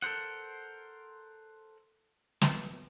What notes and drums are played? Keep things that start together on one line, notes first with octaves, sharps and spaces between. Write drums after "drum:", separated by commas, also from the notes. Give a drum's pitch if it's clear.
A4 A#4 C5 F#5
drum: snare